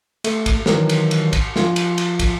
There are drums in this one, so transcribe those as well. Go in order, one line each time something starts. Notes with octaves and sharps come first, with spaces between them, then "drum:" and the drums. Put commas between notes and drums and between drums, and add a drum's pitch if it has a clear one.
A3, drum: cymbal
drum: kick, cymbal
D#3 E3 F#3, drum: snare
drum: cymbal
drum: cymbal
drum: kick, cymbal
F3 F4, drum: snare
drum: cymbal
drum: cymbal
drum: kick, cymbal